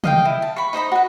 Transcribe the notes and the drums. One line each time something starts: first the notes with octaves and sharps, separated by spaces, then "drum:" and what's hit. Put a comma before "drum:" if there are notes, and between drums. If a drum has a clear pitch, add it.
D#5 F5 G5, drum: tom
E4
A5
B5 C#6
D#4 C5 D#5 B5
F#4 B4